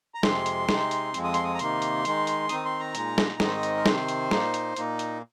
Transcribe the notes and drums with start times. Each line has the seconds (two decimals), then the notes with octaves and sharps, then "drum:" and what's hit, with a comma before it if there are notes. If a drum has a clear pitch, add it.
0.15 A#5
0.23 F2 C3 G#3 C4 C6, drum: snare
0.46 drum: hi-hat
0.69 C3 G#3 C4 D#4, drum: snare
0.91 drum: hi-hat
1.14 F2 F3 G#3 C4, drum: hi-hat
1.24 D#6
1.34 C6, drum: hi-hat
1.44 D#6
1.55 A#5
1.59 C3 D#3 A#3 D#4 C6, drum: hi-hat
1.82 drum: hi-hat
2.05 D#3 G#3 D#4, drum: hi-hat
2.27 drum: hi-hat
2.49 D#3 C4 D#4 D#6, drum: hi-hat
2.65 C6
2.80 A#5
2.95 A#2 G#3 D#4, drum: hi-hat
3.18 drum: snare
3.40 G#2 D#3 G#3 C4 D#4 D#5, drum: snare
3.63 drum: hi-hat
3.76 A#4
3.86 C3 D#3 C4 C5, drum: snare
4.08 drum: hi-hat
4.31 A#2 A#3 D#4, drum: snare
4.54 drum: hi-hat
4.76 A#2 A#3 D#4, drum: hi-hat
4.99 drum: hi-hat